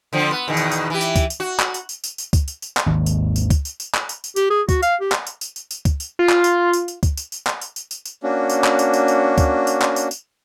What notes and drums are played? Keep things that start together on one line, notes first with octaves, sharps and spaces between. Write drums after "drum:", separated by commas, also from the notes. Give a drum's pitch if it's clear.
D3 F3 C4
B3
E2 B2 D#3
drum: tambourine
drum: tambourine
E3 G4
drum: tambourine
drum: kick C#2, tambourine
drum: tambourine
F#4
drum: clap
drum: tambourine
drum: tambourine
drum: tambourine
drum: tambourine
drum: kick C#2, tambourine
drum: tambourine
drum: tambourine
drum: clap
G#1 D#2
drum: tambourine
drum: tambourine
drum: kick C#2, tambourine
drum: tambourine
drum: tambourine
drum: clap
drum: tambourine
drum: tambourine
G4, drum: tambourine
G#4
F#4, drum: kick C#2, tambourine
F5, drum: tambourine
G4
drum: clap
drum: tambourine
drum: tambourine
drum: tambourine
drum: tambourine
drum: kick C#2, tambourine
drum: tambourine
F4
drum: clap
drum: tambourine
drum: tambourine
drum: tambourine
drum: kick C#2, tambourine
drum: tambourine
drum: tambourine
drum: clap
drum: tambourine
drum: tambourine
drum: tambourine
drum: tambourine
A#3 C#4 D4 F#4
drum: tambourine
drum: clap
drum: tambourine
drum: tambourine
drum: tambourine
drum: kick C#2, tambourine
drum: tambourine
drum: clap
drum: tambourine
drum: tambourine